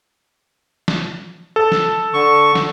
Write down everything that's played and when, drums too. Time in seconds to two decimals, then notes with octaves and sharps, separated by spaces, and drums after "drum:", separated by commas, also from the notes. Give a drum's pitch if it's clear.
0.88 drum: snare
1.56 A4
1.72 drum: snare
2.14 D3 C#6
2.55 drum: snare